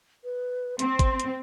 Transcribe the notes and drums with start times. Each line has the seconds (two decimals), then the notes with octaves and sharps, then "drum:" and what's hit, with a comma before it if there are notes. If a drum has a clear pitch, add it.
0.24 B4
0.79 C4 C6, drum: hi-hat
0.99 drum: kick, hi-hat
1.20 drum: hi-hat